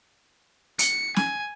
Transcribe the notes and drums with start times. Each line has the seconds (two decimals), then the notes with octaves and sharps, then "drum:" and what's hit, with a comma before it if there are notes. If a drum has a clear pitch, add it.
0.79 C#7, drum: hi-hat
1.16 G#5, drum: snare